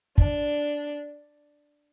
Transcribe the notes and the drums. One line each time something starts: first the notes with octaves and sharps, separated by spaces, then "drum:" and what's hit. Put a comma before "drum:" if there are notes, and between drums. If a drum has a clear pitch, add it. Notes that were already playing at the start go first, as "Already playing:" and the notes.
D4, drum: kick